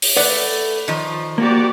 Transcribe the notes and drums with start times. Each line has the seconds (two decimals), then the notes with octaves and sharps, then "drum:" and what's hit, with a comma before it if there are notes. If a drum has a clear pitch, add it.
0.02 drum: open hi-hat
0.17 A3 B4 D5 F#5
0.88 D#3 F3
1.38 A#3 F#4 G4 D5